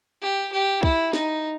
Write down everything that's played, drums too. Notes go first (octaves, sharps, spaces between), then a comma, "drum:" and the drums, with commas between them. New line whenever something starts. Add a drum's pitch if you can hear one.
G4
G4
E4, drum: kick
D#4, drum: snare